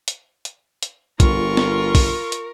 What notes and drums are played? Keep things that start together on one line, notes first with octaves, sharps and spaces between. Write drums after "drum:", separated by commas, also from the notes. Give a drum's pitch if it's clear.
drum: hi-hat
drum: hi-hat
drum: hi-hat
G1 F4 A#4 C#6, drum: kick B1, hi-hat
drum: snare
drum: kick B1, open hi-hat
drum: hi-hat